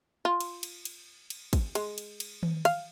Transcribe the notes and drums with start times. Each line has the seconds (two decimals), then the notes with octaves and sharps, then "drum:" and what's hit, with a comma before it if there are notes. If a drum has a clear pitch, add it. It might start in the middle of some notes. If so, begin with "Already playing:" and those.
0.25 F4
0.41 drum: cymbal
0.63 drum: cymbal
0.85 drum: cymbal
1.30 drum: cymbal
1.53 drum: kick, cymbal
1.75 G#3, drum: cymbal
1.98 drum: cymbal
2.20 drum: cymbal
2.43 drum: tom D#3
2.65 F5, drum: cymbal